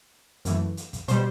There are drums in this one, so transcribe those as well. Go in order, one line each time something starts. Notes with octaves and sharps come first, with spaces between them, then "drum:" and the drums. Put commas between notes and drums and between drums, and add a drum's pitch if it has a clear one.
F#2 E3 A3, drum: hi-hat
drum: hi-hat
drum: kick, hi-hat
B2 G3 C5, drum: hi-hat